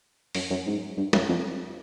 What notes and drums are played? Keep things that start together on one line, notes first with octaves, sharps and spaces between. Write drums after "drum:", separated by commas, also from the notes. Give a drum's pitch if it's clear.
F#2, drum: open hi-hat
F#2
G#2
G2
F#2, drum: snare
F2